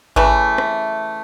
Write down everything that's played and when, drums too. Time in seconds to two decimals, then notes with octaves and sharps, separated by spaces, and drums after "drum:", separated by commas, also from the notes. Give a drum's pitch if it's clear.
0.16 C#3 E3 A3, drum: kick G#1
0.58 drum: rim click